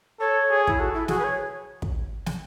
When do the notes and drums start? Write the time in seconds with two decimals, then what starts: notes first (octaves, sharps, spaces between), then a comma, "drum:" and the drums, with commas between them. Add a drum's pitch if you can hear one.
0.20 A4 C#5
0.50 G#4
0.67 E4, drum: kick
0.79 F#4 A4
0.94 E4
1.08 F#4 G#4, drum: snare
1.19 B4
1.24 C#5
1.82 drum: kick
2.26 drum: snare